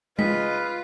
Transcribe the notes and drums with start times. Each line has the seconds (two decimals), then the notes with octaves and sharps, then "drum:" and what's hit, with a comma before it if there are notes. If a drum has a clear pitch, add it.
0.19 C#3 F4 B4 D#5 B6, drum: tom G#3